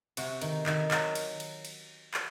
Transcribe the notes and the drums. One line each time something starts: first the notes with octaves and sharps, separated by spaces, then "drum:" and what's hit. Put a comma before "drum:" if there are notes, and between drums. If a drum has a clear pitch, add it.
C3 F#4, drum: cymbal
D#3, drum: cymbal
D#3, drum: clap
F#3, drum: clap
drum: cymbal
drum: cymbal
drum: cymbal
drum: clap